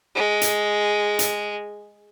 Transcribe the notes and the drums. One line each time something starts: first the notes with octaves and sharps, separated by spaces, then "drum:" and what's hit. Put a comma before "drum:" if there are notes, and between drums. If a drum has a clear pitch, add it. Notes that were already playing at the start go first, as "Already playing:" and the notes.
G#3
drum: hi-hat
drum: hi-hat